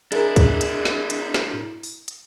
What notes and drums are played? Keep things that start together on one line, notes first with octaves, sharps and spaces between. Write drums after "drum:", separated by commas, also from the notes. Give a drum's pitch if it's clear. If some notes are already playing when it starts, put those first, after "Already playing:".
D4 E4 G#4 A#4, drum: hi-hat
drum: kick, hi-hat
drum: hi-hat
drum: snare
drum: hi-hat
drum: snare
drum: open hi-hat
drum: hi-hat